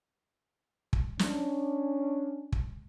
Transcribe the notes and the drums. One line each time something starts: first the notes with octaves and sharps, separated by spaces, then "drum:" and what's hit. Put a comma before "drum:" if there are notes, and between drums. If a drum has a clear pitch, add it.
drum: kick
C#4 D4, drum: snare
drum: kick